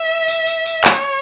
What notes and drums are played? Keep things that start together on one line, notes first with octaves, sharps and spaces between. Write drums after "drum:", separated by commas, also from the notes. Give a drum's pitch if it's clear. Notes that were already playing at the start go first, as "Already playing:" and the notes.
Already playing: E5
drum: tambourine
drum: tambourine
drum: tambourine
C#5, drum: clap